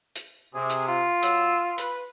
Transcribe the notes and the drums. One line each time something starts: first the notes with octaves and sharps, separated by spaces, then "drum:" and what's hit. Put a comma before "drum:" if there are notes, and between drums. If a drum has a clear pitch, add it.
drum: hi-hat
C3 G#4
drum: hi-hat
F4
F#3 E6, drum: hi-hat
B4, drum: hi-hat